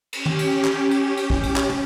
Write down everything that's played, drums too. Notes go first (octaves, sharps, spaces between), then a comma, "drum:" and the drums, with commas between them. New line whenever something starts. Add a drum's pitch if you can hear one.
C#4 G4, drum: cymbal
drum: tom
drum: cymbal
drum: clap
drum: cymbal
drum: cymbal
drum: kick
drum: cymbal
drum: clap
drum: tom